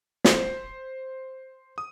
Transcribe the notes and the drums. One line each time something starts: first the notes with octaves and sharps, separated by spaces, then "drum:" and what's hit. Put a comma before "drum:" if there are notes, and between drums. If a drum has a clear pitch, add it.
C5 B6, drum: snare
D#6